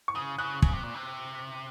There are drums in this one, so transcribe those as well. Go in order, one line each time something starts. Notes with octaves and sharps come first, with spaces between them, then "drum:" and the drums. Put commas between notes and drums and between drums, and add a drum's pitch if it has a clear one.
C#6
C#3 D#6
C#3 F#6
C#3, drum: kick
C3
A#2
C3